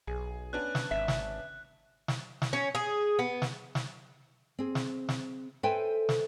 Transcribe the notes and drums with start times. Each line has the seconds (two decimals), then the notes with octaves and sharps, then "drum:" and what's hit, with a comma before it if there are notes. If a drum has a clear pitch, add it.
0.07 B1 G#4
0.53 B3 C#4 D4 F#6
0.75 drum: snare
0.91 G#1 E5
1.08 drum: snare
2.08 drum: snare
2.42 drum: snare
2.53 C#4
2.75 G#4
3.19 B3
3.42 drum: snare
3.75 drum: snare
4.59 C4 G#4
4.75 drum: snare
5.09 drum: snare
5.63 A4 B4 C5 E5 G5 G#5
6.09 drum: snare